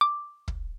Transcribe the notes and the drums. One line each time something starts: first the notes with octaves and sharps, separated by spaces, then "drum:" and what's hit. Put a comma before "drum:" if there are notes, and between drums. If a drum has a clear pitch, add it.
D6
drum: kick